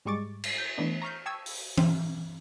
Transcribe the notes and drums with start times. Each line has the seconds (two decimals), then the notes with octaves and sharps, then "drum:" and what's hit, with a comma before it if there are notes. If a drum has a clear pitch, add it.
0.05 G#2 G3 G#3 C#6 D6 A6
0.44 drum: cymbal
0.58 G6
0.78 E3 A3 B3 D4 D#4
1.02 A#5 C#6 F6 G6
1.26 G5 A5 C#6 D#6 E6 G#6
1.46 drum: open hi-hat
1.78 C4, drum: tom E3